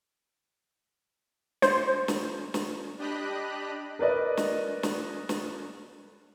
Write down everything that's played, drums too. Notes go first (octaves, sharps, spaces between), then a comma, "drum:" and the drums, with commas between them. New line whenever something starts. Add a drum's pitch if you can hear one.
C5, drum: snare
drum: snare
drum: snare
D4 G4 D#5 B5 F#6
A#4 B4 D5 D#5
drum: snare
drum: snare
drum: snare